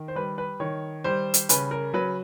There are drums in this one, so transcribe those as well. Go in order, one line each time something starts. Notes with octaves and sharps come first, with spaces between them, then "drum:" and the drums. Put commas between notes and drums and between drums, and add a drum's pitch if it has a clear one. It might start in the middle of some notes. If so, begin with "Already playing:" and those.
Already playing: D#3
C5
G3 B4
B4
D#3 C#5
G3 C5
drum: hi-hat
C#3 B4, drum: hi-hat
A#4
F#3 B4